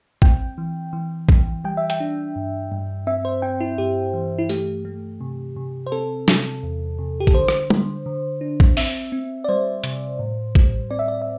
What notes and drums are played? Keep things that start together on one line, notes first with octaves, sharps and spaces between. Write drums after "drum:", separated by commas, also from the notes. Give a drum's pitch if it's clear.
C4 G5, drum: kick
E3
E3
E3, drum: kick
G3 G5
E5
G5, drum: hi-hat
D4
G2
G2
C4 E5
C5
C4 G5
E4
G2 G4
E3
E4
A3 G4, drum: tambourine
A3
C3
C3
C5
C4 A4
C3, drum: snare
E2
C3
G4
A4, drum: kick
D3 C5
drum: rim click
D3, drum: tom
D3
D4
drum: kick
C4 E5, drum: open hi-hat
C4
D5
G3 C5
C3, drum: hi-hat
A2
G3, drum: kick
C4 D5
E5
D5
E5